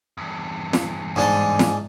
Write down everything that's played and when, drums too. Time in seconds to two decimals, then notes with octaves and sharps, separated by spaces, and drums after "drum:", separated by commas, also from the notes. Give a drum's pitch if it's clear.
0.18 E2 G2
0.73 drum: snare
1.16 G#2 D4 G#5 C6
1.59 drum: snare